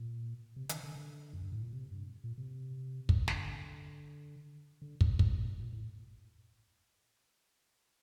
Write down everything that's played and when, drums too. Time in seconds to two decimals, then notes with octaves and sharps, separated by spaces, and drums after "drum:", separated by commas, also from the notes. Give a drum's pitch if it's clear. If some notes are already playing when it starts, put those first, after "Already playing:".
Already playing: A#2
0.56 C3
0.69 D#3, drum: hi-hat
0.83 D3
0.96 D3
1.33 F#2
1.42 G2
1.52 A2
1.63 A#2
1.73 C3
1.92 G2
2.24 A#2
2.38 C3
3.09 drum: kick
3.28 D3, drum: snare
4.82 D3
5.01 C3, drum: kick
5.19 A#2, drum: kick
5.59 A#2
5.72 A2